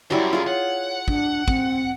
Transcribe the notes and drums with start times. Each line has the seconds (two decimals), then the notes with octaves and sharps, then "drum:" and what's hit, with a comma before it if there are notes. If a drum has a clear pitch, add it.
0.10 F#2 F#3 G3 E4
0.33 F4 G#4
0.47 C#5 F#5
1.08 D4, drum: kick
1.48 C4, drum: kick